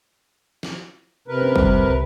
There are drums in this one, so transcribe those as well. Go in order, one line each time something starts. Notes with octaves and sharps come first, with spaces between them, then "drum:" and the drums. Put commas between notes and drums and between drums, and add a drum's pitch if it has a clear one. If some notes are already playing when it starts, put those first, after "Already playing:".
drum: snare
C3 A#4 B4
C#4
F#1 D2 G3, drum: kick G1
C2